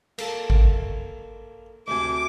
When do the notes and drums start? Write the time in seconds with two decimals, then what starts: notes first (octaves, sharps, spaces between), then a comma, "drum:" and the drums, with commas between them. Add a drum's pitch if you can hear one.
0.18 A#3 A4, drum: cymbal
0.50 drum: kick G#1
1.88 D2 C3 G#5 D6